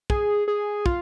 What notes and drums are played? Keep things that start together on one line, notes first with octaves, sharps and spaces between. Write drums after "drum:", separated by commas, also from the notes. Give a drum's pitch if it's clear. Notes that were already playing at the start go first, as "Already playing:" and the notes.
G#4, drum: kick
G#4
F4, drum: kick